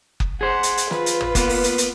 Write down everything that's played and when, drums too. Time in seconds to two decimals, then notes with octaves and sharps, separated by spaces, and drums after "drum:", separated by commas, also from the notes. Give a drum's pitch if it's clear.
0.20 drum: kick F#1
0.41 G#4 C5 F#5
0.63 drum: hi-hat
0.77 drum: hi-hat
0.91 F4 B4, drum: snare
1.06 drum: hi-hat
1.21 drum: tom G#1
1.35 A#3 B3, drum: kick F#1, hi-hat
1.49 drum: open hi-hat
1.64 drum: hi-hat
1.78 drum: hi-hat